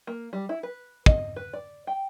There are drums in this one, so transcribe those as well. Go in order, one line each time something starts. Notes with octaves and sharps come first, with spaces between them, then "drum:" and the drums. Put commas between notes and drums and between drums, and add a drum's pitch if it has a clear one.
A#3
G3
E4
B4
D#5, drum: kick
B4
D5
G5